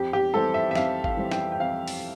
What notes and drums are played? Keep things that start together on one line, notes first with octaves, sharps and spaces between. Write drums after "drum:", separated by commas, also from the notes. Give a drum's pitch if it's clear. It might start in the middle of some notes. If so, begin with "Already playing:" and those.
Already playing: F2 G4
G4
E3 G3 C4 A4
E5
E5
F2 F5, drum: snare
F5, drum: kick G#1
E3 G3 C4
G5, drum: snare
G5
F2 F5
drum: open hi-hat